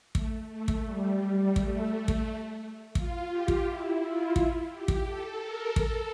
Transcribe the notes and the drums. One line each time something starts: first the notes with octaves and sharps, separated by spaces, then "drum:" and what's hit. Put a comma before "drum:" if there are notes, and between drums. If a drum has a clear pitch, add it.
A3, drum: kick
A3
drum: kick
G3
G3
A3, drum: kick
drum: kick
F4, drum: kick
G4
drum: kick
E4
F4
drum: kick
G4
drum: kick
A4
A#4
A4, drum: kick